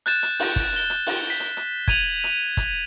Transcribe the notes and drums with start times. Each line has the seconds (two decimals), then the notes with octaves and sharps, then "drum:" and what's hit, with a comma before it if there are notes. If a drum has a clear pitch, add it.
0.06 F#6 G6 A6 E7, drum: hi-hat
0.23 drum: hi-hat
0.39 drum: open hi-hat
0.56 drum: kick
0.76 G7
0.90 drum: hi-hat
1.06 drum: open hi-hat
1.30 B6
1.40 drum: hi-hat
1.57 drum: hi-hat
1.88 G#6 D#7 F7 F#7, drum: kick, hi-hat
2.24 drum: hi-hat
2.57 drum: kick, hi-hat